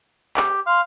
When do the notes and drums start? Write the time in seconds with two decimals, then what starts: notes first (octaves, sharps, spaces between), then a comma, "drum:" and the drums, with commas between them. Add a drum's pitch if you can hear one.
0.37 G4, drum: clap
0.67 F5 C6